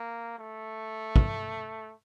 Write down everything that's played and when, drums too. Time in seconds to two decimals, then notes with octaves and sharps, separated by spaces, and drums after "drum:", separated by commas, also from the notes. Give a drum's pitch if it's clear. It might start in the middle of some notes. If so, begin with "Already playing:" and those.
Already playing: A#3
0.38 A3
1.16 drum: kick